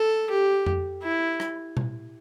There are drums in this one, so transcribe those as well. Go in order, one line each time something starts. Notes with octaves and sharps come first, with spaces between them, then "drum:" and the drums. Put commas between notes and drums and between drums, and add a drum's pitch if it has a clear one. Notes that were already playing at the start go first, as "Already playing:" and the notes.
Already playing: A4
G4
drum: tom F2
E4
drum: rim click
drum: tom B2